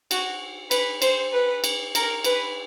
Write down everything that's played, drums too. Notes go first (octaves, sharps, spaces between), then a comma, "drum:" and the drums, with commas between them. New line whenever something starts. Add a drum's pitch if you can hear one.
F#4, drum: cymbal
B4, drum: cymbal
C5, drum: cymbal
B4
drum: cymbal
A#4, drum: cymbal
B4, drum: cymbal